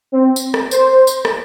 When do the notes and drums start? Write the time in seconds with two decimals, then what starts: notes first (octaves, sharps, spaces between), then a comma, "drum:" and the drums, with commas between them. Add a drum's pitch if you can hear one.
0.12 C4
0.36 drum: tambourine
0.54 drum: rim click
0.71 C5, drum: tambourine
1.07 drum: tambourine
1.25 drum: rim click